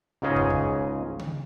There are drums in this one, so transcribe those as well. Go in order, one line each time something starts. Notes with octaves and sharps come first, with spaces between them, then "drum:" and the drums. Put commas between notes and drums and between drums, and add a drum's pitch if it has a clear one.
C#2 G#2 C#3 C#4 G#4 D#5
drum: kick
drum: kick
drum: tom C#3